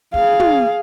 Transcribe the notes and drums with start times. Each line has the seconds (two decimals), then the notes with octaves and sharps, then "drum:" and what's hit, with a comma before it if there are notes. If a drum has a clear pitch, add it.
0.14 G#4 F5, drum: kick
0.40 drum: tom